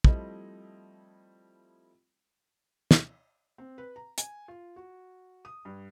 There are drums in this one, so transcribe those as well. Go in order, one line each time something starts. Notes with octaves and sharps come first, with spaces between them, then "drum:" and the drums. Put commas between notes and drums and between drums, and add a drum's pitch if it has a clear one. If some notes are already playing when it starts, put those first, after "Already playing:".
F3 G3 A3 C4 E4 D#5, drum: kick
drum: snare
C4
B4
A#5
G#5, drum: hi-hat
F4
F#4
D#6
G2